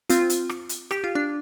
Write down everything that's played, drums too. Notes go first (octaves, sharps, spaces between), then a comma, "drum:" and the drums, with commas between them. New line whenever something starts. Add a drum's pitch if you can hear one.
C4 F4, drum: hi-hat
drum: hi-hat
drum: rim click
drum: hi-hat
G4, drum: rim click
F4
D4